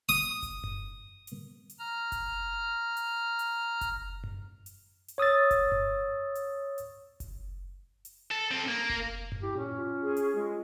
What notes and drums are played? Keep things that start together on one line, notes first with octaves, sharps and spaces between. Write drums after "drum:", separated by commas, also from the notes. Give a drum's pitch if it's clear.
D#6
drum: kick F#1, hi-hat
drum: tom F#2
drum: hi-hat
drum: hi-hat
A#5 F6
drum: kick F#1, hi-hat
drum: hi-hat
drum: hi-hat
drum: kick F#1, hi-hat
drum: tom F#2
drum: hi-hat
drum: hi-hat
C#5 D#6 E6 A6
drum: kick F#1, hi-hat
drum: tom F#2
drum: hi-hat
drum: hi-hat
drum: kick F#1, hi-hat
drum: hi-hat
A4
C4 A4
A#3
drum: kick F#1
drum: tom F#2
E4 G4
A#2 C#4
F4
G#4
drum: hi-hat
G#3 F4